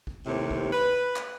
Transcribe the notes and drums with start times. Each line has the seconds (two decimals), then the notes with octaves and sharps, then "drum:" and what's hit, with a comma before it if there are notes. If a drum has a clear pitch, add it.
0.07 drum: kick
0.25 D#2 A2 C3
0.51 drum: kick
0.72 B4
1.16 drum: clap